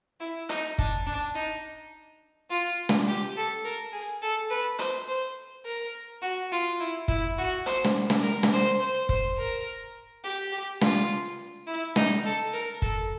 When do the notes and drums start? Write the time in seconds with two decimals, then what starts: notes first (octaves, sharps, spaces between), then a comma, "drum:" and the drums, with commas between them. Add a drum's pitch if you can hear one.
0.20 E4
0.49 D#4, drum: hi-hat
0.78 D4, drum: kick
1.06 D4
1.35 D#4
2.50 F4
2.89 drum: snare
3.08 G4
3.36 A4
3.64 A#4
3.93 G#4
4.22 A4
4.50 B4
4.79 C5, drum: hi-hat
5.08 C5
5.65 A#4
6.22 F#4
6.52 F4
6.80 E4
7.08 E4, drum: kick
7.38 F#4
7.66 C5, drum: hi-hat
7.84 drum: snare
8.10 drum: snare
8.23 A#4
8.43 drum: snare
8.52 C5
8.80 C5
9.09 C5, drum: kick
9.37 A#4
10.24 G4
10.52 G4
10.81 F4, drum: snare
11.67 E4
11.96 D#4, drum: snare
12.25 A4
12.53 A#4
12.82 A4, drum: kick